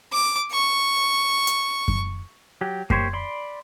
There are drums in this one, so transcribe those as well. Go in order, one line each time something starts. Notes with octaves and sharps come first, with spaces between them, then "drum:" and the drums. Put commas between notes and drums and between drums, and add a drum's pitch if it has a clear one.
D6
C#6
drum: hi-hat
drum: kick F#2
F#3 G4
A#3 G4 C5 C#5, drum: kick F#2
D5 B5 C6